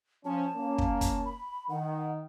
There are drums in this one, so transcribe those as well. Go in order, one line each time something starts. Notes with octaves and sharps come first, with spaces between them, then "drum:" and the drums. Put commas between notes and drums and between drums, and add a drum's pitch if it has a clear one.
F3 C#4 A5
A#3 C#4
drum: kick
drum: kick, hi-hat
B5
D#3 F#5